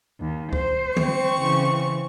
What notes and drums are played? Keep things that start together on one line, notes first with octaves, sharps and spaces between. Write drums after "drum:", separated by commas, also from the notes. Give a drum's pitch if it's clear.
D#2
C5, drum: kick C#2
C4 C#6, drum: tom D3
C#3 E3